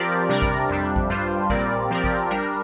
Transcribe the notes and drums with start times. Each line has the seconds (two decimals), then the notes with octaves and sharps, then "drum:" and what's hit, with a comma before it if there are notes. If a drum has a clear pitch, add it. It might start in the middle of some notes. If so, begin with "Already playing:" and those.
Already playing: F3 C4 G4 A#4 D5
0.29 C3 G3 D4 A#4 D5
0.42 drum: kick A1
0.69 F2 C3 G3 D4
0.96 drum: kick A1
1.10 G2 G3 D4 F4 C5
1.50 A#2 G3 C4 A#4 D5, drum: kick A1
1.90 F3 C4 G4 A#4 D5
2.04 drum: kick A1
2.31 G3 D4 A#4